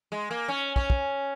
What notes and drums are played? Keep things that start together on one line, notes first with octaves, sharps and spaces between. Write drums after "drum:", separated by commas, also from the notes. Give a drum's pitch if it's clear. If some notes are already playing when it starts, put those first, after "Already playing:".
G#3
A#3
C#4
C#4, drum: kick
drum: kick